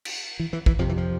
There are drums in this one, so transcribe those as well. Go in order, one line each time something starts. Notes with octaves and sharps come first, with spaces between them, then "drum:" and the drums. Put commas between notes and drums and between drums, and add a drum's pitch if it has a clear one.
drum: cymbal
E3
E3
E3, drum: kick
F2 C3 F3
E3
F3